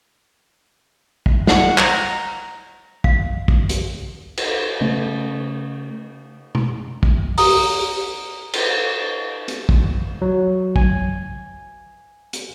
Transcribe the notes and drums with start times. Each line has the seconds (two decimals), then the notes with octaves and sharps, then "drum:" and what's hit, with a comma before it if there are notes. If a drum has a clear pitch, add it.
1.26 drum: kick
1.47 F#5, drum: snare
1.78 A#5, drum: clap
3.04 F5, drum: kick
3.48 drum: kick
3.69 drum: hi-hat
4.37 drum: cymbal
4.81 C#3 A3
6.55 drum: tom B2
7.03 drum: kick
7.38 A#5 D#6, drum: open hi-hat
8.53 drum: cymbal
9.48 drum: hi-hat
9.69 drum: kick
10.22 F#3
10.76 G#5, drum: kick
12.33 drum: hi-hat